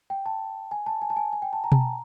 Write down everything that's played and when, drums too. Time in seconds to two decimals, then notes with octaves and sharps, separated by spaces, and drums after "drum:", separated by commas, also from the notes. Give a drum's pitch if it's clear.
0.10 G5
0.26 A5
0.71 G#5
0.86 A5
1.02 G#5
1.10 A5
1.17 G#5
1.33 G#5
1.42 G5
1.53 A5
1.64 A#5
1.72 A5, drum: tom B2
1.81 A#5